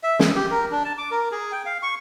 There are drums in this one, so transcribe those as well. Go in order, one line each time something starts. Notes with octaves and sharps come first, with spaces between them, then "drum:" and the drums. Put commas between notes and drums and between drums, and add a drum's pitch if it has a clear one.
E5
G#4, drum: snare
G4
A#4
D4
A5
D6
A#4
G#4
G5
F5
C#6